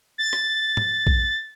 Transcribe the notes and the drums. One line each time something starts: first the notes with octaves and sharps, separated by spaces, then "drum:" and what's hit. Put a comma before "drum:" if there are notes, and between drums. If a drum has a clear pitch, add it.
A6
drum: rim click
drum: tom
drum: kick A#1